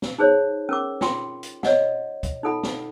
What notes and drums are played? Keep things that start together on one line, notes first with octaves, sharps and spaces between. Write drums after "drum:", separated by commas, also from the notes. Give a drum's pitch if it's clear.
drum: snare
D#4 G#4 C5 C#5
C#4 A#4 D6
F4 G5 C6, drum: snare
drum: hi-hat
C#5 D#5 F#5, drum: snare
drum: kick, hi-hat
D#4 F4 A4 F#5 B5
drum: snare